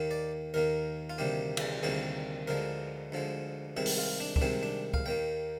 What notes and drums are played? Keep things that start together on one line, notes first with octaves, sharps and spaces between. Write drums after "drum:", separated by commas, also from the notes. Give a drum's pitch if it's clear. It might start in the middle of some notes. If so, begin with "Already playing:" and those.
Already playing: D#2 D#3 A#3
D5
D#2 D#3 A#3 A#4
F4
D2 C3 D#3 G3 A#3 G4
drum: cymbal
D2 C3 D#3 G3 A#3 G#4
D2 D3 F3 G#3 A#4
D2 D3 F3 G#3
C2 C3 D#3 G#3 G#4
drum: open hi-hat
F4
D4
D4, drum: kick C#2
C2 C3 D#3 G#3 C4
D4
F5, drum: kick C#2
D#2 D#3 A#3 G5